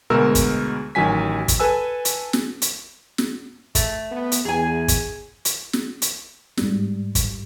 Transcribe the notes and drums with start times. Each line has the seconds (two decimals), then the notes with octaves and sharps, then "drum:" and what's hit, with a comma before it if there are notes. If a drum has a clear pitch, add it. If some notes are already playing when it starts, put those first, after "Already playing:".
0.10 D2 B2 G#3 A#4 A#5 E6
0.35 drum: kick, hi-hat
0.95 A1 D#3 F#3 G#5 B6
1.48 drum: kick, hi-hat
1.60 A4 B4 G#5 E6
2.05 drum: hi-hat
2.33 drum: snare
2.62 drum: hi-hat
3.18 drum: snare
3.75 A3, drum: kick, hi-hat
4.11 B3
4.32 drum: hi-hat
4.45 E2 G#4 G#5
4.88 drum: kick, hi-hat
5.45 drum: hi-hat
5.73 drum: snare
6.02 drum: hi-hat
6.57 G#2 G3, drum: snare
7.15 drum: kick, hi-hat